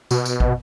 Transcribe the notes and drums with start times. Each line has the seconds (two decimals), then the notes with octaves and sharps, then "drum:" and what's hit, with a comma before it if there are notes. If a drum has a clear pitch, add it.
0.11 B2, drum: tambourine
0.25 drum: tambourine
0.40 drum: kick